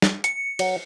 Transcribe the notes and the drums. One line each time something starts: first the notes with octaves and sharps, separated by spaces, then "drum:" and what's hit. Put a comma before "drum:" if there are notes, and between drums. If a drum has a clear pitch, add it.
drum: snare
C#7, drum: hi-hat
F#3, drum: cymbal